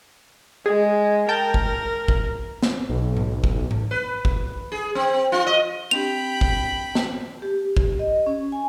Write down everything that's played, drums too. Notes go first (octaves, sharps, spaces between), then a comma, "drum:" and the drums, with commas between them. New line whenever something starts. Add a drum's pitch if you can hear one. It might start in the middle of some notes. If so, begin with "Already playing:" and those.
G#3 G#4
A#4 G5 A5 G6
drum: kick
drum: kick
drum: snare
B1
drum: tom G#2
drum: kick
drum: tom G#2
B4
drum: kick
G#4
C4
F4
D#5
C4 D4 G4 G5 B5 F7
drum: kick
drum: snare
G4
drum: kick
D#5
C#4
G#5